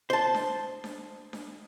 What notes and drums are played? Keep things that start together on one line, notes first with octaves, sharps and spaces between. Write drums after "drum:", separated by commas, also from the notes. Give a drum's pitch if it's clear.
C5 A5
drum: snare D4
drum: snare D4
drum: snare D4